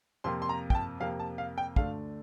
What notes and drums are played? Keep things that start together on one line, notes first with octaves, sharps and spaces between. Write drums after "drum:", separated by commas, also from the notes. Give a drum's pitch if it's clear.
F2 C3 F3 A#3 C6
C6
A#5
G5, drum: kick
A5
F2 C3 F3 A#3 F5
A5
F5
G5
D2 D3 A3 D4 F5, drum: kick